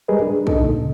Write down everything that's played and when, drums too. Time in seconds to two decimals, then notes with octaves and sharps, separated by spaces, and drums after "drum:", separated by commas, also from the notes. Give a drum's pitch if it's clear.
0.08 G3 G#3 G#4 A#4 B4 D#5
0.22 D4
0.47 D4 D#4 A4 D#5, drum: kick
0.62 A#2 C#3